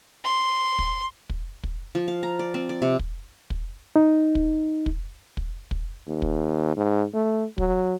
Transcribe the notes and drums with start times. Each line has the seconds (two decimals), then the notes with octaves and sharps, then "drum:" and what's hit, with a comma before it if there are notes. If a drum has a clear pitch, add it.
0.24 C6
0.79 drum: kick
1.30 drum: kick
1.63 drum: kick
1.95 F3
2.08 F5
2.23 A#5
2.39 D5
2.54 C4
2.69 D5
2.82 C3
2.99 drum: kick
3.50 drum: kick
3.96 D#4
4.35 drum: kick
4.86 drum: kick
5.37 drum: kick
5.71 drum: kick
6.07 D#2
6.22 drum: kick
6.76 G#2
7.14 A3
7.58 F#3, drum: kick